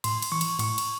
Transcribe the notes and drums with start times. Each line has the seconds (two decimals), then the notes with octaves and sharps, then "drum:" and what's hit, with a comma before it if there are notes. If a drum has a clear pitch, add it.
0.04 A2 C6, drum: cymbal
0.22 drum: cymbal
0.32 E3 C#6
0.41 drum: cymbal
0.59 A2 C#6, drum: cymbal
0.78 drum: cymbal